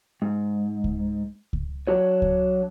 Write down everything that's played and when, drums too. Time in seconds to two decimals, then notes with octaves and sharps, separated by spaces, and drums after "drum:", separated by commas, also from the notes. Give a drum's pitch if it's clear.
0.22 G#2
0.84 drum: kick C#2
1.53 drum: kick C#2
1.87 F#3 D4 F#4 C#5
2.22 drum: kick C#2